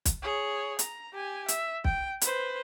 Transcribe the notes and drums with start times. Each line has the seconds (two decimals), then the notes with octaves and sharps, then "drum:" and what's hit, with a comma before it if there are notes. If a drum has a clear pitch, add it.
0.05 drum: kick, hi-hat
0.22 G#4 C#5
0.79 A#5, drum: hi-hat
1.13 G4 G#5
1.48 E5, drum: hi-hat
1.85 G5, drum: kick
2.21 B4 C5, drum: hi-hat